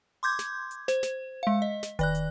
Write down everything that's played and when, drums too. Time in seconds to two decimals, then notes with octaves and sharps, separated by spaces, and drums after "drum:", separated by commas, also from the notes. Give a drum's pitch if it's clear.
0.23 C6 D6 G6 G#6
0.39 drum: snare
0.71 drum: hi-hat
0.88 C5, drum: snare
1.03 drum: snare
1.43 G#3 F5
1.62 D#5
1.83 drum: snare
1.99 D#3 D5 F#6, drum: kick E1, hi-hat
2.15 drum: hi-hat